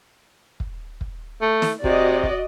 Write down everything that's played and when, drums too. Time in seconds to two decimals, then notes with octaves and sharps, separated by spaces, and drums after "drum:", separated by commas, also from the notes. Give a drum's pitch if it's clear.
0.60 drum: kick
1.01 drum: kick
1.42 A3
1.62 drum: snare
1.84 C3 F#4 D5 D#5, drum: kick
2.23 drum: kick